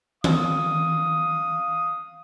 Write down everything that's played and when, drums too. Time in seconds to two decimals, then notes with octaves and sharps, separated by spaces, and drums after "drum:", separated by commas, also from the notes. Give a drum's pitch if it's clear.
0.24 F5 D#6, drum: tom D#3